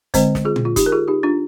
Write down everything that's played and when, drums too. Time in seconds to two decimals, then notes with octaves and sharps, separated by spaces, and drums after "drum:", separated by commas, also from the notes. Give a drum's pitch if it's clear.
0.14 D3 G#3 C4 C5 D#5, drum: kick F#1, hi-hat
0.35 drum: snare
0.45 F4 G#4
0.56 drum: tom A#2
0.65 F4
0.76 D#4 G4, drum: kick F#1, hi-hat
0.86 A#4
0.92 F4 G#4
1.08 D#4 G4
1.23 D4 F4